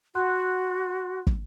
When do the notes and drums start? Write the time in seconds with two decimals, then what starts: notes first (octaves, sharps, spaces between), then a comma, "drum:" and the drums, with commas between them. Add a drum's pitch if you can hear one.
0.15 F#4 F#5 C6 F#6
1.27 drum: kick